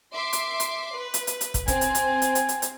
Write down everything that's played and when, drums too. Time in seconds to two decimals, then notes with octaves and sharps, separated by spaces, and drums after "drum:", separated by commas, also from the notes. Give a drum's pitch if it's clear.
0.12 E5 C6 D6
0.33 drum: hi-hat
0.60 drum: hi-hat
0.94 B4
1.14 drum: hi-hat
1.27 drum: hi-hat
1.41 drum: hi-hat
1.54 drum: kick, hi-hat
1.68 C4 G#5, drum: kick, hi-hat
1.81 drum: hi-hat
1.95 drum: hi-hat
2.22 drum: hi-hat
2.35 drum: hi-hat
2.49 drum: hi-hat
2.62 drum: hi-hat